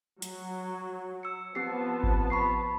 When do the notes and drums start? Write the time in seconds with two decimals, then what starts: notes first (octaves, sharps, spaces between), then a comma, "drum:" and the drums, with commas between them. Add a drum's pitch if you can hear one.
0.22 F#3, drum: hi-hat
1.23 E6 C#7
1.55 F3 B3 C4 G4 A5 C7
2.03 drum: kick G#1
2.30 B5 C#6 C7